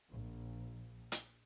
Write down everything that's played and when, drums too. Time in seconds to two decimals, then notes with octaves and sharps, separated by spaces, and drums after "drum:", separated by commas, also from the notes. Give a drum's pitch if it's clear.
0.10 A#1
1.12 drum: hi-hat